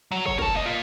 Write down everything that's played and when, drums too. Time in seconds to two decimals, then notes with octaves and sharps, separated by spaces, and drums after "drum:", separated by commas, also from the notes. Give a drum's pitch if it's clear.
0.11 F#3
0.26 C#5, drum: kick
0.39 A#4 A5, drum: kick
0.54 A#3 D#5
0.66 A#3 F4